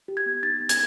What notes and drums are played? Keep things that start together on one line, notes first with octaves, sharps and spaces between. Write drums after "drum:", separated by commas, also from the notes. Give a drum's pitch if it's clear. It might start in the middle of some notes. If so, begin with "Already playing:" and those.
G4
G#6
B3
D#4 A6
B3
G#6, drum: hi-hat